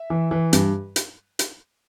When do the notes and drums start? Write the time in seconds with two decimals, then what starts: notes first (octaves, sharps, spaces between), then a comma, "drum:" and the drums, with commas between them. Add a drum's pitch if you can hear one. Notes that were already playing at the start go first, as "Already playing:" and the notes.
Already playing: E5
0.10 E3
0.31 E3
0.53 G2, drum: hi-hat
0.96 drum: hi-hat
1.39 drum: hi-hat